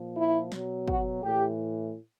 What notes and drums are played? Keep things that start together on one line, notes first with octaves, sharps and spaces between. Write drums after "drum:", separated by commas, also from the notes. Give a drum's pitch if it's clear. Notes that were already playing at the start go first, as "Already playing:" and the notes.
Already playing: A#2 F3
E4
B2 F#3, drum: snare
F#4, drum: kick
A2 E3 G4